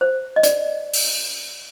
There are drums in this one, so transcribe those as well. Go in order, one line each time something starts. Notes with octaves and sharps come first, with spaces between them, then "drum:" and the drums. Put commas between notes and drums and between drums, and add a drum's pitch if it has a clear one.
C5
D#5
D5, drum: hi-hat
drum: open hi-hat